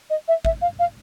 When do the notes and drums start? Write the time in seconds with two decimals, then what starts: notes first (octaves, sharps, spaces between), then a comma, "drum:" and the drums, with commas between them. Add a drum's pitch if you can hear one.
0.10 D#5
0.28 E5
0.45 E5, drum: kick
0.62 F5
0.79 F5